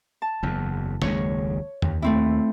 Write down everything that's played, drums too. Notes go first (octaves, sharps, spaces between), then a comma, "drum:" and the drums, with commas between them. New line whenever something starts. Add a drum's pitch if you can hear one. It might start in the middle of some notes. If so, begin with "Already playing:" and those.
A5
F#1 E2
F#1 D#2 G#3 C#5, drum: snare
D#2, drum: tom F2
A3 C4 E4